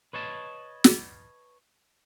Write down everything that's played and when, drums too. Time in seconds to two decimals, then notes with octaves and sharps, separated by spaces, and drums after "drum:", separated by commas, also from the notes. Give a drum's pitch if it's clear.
0.13 B4 C#5 D#5 A5
0.84 drum: snare